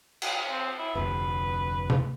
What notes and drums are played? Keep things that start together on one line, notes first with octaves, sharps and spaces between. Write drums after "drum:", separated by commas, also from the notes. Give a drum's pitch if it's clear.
drum: cymbal
C4
E4
F1 D2 B4
drum: tom C3